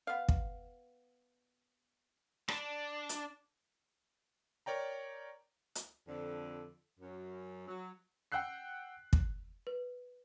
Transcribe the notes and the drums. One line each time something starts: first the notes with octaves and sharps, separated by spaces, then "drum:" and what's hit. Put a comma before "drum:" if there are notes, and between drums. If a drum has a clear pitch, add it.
B3 F5
drum: kick
D4, drum: rim click
drum: hi-hat
A#4 C#5 D5 G5 A#5
drum: hi-hat
F2 D3
F#2
F#3
F#5 G5 E6 F#6 C7
drum: kick
B4